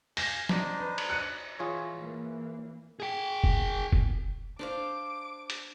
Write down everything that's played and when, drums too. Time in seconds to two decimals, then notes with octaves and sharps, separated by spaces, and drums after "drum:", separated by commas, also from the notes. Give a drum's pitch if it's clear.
0.17 F5 G#5 A#6, drum: open hi-hat
0.49 D4 D#4 C5, drum: snare
0.79 B4
0.98 drum: cymbal
1.10 F#6 C#7 D#7
1.59 E3 F4 G#4 C#5
1.98 E3 A#3
3.00 G#4 G5
3.44 drum: kick
3.93 drum: kick
4.59 D4 C5 F5 D6
5.50 drum: hi-hat